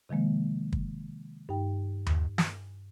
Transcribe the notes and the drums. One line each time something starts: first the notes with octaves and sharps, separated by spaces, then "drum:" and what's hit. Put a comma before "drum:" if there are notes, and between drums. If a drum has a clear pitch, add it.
C3 D#3 F3 G#3 A#3
drum: kick
G2 D#4 G5
drum: tom D#2
drum: snare